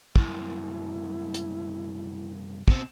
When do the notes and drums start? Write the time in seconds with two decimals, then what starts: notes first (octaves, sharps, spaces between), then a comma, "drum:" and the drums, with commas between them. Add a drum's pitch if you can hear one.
0.16 C2 F#2 E4, drum: kick
1.34 drum: hi-hat
2.68 B2 C4, drum: kick